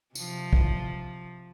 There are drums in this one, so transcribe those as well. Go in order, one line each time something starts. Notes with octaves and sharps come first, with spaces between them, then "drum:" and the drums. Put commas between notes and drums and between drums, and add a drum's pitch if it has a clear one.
C3 F3, drum: tambourine
drum: kick